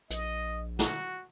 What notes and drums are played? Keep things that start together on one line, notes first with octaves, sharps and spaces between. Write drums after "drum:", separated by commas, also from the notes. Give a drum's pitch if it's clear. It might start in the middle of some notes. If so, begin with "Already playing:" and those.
A#1 D#5, drum: hi-hat
F#4, drum: snare